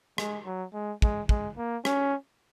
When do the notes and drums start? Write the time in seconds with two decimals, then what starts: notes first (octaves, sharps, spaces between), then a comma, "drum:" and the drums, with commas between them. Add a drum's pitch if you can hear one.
0.18 G#3, drum: rim click
0.45 F#3
0.73 G#3
1.02 G#3, drum: kick
1.29 G#3, drum: kick
1.58 A#3
1.85 C#4, drum: rim click